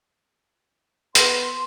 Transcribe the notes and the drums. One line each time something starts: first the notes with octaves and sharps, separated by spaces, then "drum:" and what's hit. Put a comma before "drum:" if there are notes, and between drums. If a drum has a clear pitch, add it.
B3 C6, drum: hi-hat